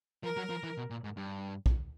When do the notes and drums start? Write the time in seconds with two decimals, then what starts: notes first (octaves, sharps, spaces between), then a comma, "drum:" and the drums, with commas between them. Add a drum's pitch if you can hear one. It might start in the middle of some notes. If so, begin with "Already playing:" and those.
0.23 F3 A#4
0.37 F#3
0.50 F3
0.63 E3
0.77 B2
0.90 A#2
1.04 G#2
1.17 G2
1.66 drum: kick